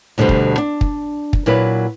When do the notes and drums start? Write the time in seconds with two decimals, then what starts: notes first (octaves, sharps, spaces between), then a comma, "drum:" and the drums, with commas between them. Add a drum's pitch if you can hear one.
0.18 D2 B2 D3 G3 C5
0.29 drum: kick
0.58 D4
0.81 drum: kick
1.33 drum: kick
1.46 A#2 F#3 E4 B4